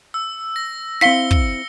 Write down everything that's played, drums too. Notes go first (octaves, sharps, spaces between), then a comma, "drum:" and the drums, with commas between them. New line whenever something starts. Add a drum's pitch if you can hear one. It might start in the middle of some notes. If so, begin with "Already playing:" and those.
E6
A#6
C4 E4 F5 B6 C#7 G7
drum: kick